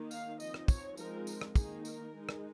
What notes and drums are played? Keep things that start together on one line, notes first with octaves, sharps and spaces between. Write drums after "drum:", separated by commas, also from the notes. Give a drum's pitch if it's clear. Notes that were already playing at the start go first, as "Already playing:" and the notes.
Already playing: D#3 A#3 D#4
F5, drum: tambourine
F3 C4 D#4 D#5, drum: tambourine
drum: rim click
C#5, drum: kick, tambourine
F3 G#3 C4 D#4 A#4, drum: tambourine
drum: tambourine
drum: rim click
D#3 A#3 D#4 G#4, drum: kick, tambourine
A#4, drum: tambourine
G#3 D#4
drum: rim click